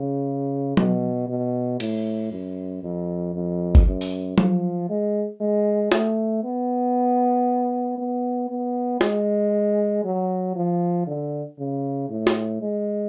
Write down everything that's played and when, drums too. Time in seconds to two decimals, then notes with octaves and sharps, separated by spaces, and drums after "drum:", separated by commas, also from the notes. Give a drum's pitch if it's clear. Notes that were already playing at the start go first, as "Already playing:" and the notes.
Already playing: C#3
0.77 B2, drum: tom F#3
1.29 B2
1.80 A2, drum: cymbal
2.32 F#2
2.83 F2
3.34 F2
3.75 drum: kick G1
3.86 F#2
4.01 drum: open hi-hat
4.38 F3, drum: tom F#3
4.90 G#3
5.41 G#3
5.92 A3, drum: snare
6.44 B3
7.98 B3
8.49 B3
9.01 G#3, drum: snare
10.04 F#3
10.56 F3
11.07 D3
11.59 C#3
12.09 A2
12.27 drum: snare
12.62 G#3